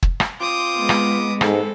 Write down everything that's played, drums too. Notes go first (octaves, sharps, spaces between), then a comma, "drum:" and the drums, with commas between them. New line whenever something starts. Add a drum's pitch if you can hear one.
drum: kick
drum: rim click
C4 F4 D6 D#6
G#3 B3
drum: rim click
G#2 E3 C4 A4, drum: rim click